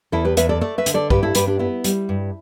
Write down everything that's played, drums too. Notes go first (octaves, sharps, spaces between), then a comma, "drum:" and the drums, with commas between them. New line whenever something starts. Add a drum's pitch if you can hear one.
E2 E4 A4
G4 B4
E2 B4 E5, drum: hi-hat
A4 D5
A3 A4 D5
B4 E5
D3, drum: hi-hat
A4 D5
G2 G4 B4, drum: kick
E4 A4
G2 G4 B4, drum: hi-hat
D4 G4
B3 E4
G3, drum: hi-hat
G2